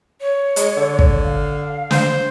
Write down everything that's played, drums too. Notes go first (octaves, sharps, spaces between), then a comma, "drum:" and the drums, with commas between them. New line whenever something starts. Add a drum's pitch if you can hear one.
C#5
G#3, drum: hi-hat
D3
drum: kick
F5
C5, drum: snare